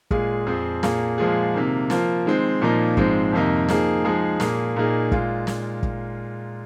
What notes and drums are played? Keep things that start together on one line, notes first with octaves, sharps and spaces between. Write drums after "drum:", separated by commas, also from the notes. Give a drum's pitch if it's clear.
A#2 G#3 F4 G#4, drum: kick
F2 F3 C4 G#4
A#2 A#3 G#4, drum: snare
A#2 F3 G#3 F4 G#4
C3 D#3 A#3
F3 A#3 F4, drum: snare
D#3 G#3 C4
A#2 F3 A#3 D#4
G#2 F3 G#3 C4, drum: kick
F2 C3 D#3 A#3 D#4
F3 A#3 D#4 G#4, drum: snare
F3 G#3 D#4 G#4
A#2 A#3 G#4, drum: snare
A#2 A#3 D#4 G#4
A#2 G#3 F4, drum: kick
drum: snare
drum: kick